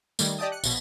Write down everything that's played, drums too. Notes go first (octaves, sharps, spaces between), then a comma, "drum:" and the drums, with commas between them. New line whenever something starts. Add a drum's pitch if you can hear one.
D#3 G3 A3, drum: tambourine
G4 D5 D#5 G5 A5 D#6
F#6 C#7
A#1 B2 B6, drum: tambourine